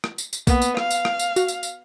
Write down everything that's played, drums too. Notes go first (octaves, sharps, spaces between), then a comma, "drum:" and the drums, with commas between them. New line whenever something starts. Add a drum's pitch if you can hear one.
drum: rim click
drum: tambourine
drum: tambourine
A#3 B3, drum: kick, tambourine
drum: tambourine
F5, drum: rim click
drum: tambourine
drum: rim click
drum: tambourine
F#4, drum: tambourine
drum: tambourine
drum: tambourine